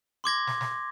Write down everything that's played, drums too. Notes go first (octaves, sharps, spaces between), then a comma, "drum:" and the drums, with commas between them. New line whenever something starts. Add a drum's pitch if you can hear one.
C6 D6 G#6 A#6
drum: snare
drum: snare